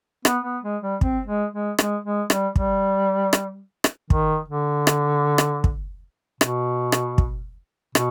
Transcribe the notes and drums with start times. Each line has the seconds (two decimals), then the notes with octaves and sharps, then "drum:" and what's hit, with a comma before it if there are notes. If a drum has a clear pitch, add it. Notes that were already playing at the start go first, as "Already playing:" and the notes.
0.25 B3, drum: rim click
0.44 B3
0.63 G#3
0.82 G3
1.01 C4, drum: kick
1.27 G#3
1.53 G#3
1.78 G#3, drum: rim click
2.04 G#3
2.30 G3, drum: rim click
2.56 G3, drum: kick
3.33 drum: rim click
3.84 drum: rim click
4.10 D#3, drum: kick
4.49 D3
4.87 drum: rim click
5.38 drum: rim click
5.64 drum: kick
6.41 B2, drum: rim click
6.92 drum: rim click
7.18 drum: kick
7.95 B2, drum: rim click